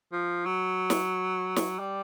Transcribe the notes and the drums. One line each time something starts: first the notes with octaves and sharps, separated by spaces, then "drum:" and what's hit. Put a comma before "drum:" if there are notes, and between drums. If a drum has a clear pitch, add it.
F3
F#3
drum: snare
drum: snare
G3